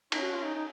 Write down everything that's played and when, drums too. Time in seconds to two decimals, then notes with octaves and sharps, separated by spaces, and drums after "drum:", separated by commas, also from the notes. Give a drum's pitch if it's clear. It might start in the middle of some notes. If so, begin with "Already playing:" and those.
0.12 C#4 D#4, drum: cymbal
0.22 F#4
0.33 F4
0.44 D#4
0.55 D#4